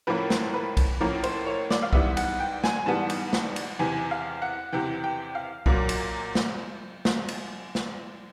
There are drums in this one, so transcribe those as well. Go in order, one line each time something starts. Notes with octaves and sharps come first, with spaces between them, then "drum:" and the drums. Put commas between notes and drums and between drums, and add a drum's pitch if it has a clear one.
A2 F3 A#3 C#4 B4
drum: snare
B4
drum: kick B1, cymbal
A2 F3 A#3 C#4 A#4
C5, drum: cymbal
C#5
D5, drum: snare
F5
G#2 E3 G3 B3 E5, drum: kick B1
F#5, drum: cymbal
G5
G#5, drum: snare
G#2 E3 G3 B3 A5
drum: cymbal
drum: snare
drum: cymbal
E2 C3 E3 G#5
F5
F#5
E2 C3 E3 G5
G5
F5
A#2 F#3 A#3, drum: kick B1
drum: cymbal
drum: snare
drum: snare
drum: cymbal
drum: snare